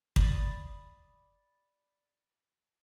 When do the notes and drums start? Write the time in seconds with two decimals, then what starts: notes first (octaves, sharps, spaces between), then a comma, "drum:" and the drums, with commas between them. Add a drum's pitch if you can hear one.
0.16 D5 B5 D#6, drum: kick